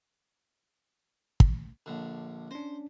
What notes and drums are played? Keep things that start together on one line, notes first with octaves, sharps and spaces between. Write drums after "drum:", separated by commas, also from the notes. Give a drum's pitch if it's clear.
drum: kick
A#1 D3
C#4 D4 C5